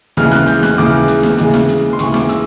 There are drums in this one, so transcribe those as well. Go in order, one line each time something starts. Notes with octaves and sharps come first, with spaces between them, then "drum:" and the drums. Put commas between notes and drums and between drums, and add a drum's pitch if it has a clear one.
D#2 C#3 E3 G#3 F6, drum: hi-hat
F#6, drum: snare
G6, drum: hi-hat
F#6, drum: snare
D#2 C#3 E3 G#3 D6
drum: hi-hat
drum: snare
D#2 C#3 E3 G#3, drum: hi-hat
drum: snare
drum: hi-hat
C6
D#2 C#3 E3 G#3 C#6, drum: hi-hat
D6, drum: snare
E6, drum: hi-hat